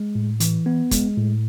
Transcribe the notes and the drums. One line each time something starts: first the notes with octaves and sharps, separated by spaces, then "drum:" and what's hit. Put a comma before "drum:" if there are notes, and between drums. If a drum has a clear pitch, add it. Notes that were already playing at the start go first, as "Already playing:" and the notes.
Already playing: G#3
A2
E3, drum: hi-hat
B3
G#3, drum: kick, hi-hat
A2